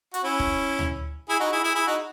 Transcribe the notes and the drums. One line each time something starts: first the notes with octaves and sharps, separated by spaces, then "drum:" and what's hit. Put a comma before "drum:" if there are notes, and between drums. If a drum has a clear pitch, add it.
F#4, drum: hi-hat
C#4 E4
drum: kick
drum: tom D2
E4 G#4
D#4 F#4
E4 G#4
E4 G#4
E4 G#4
D#4 F#4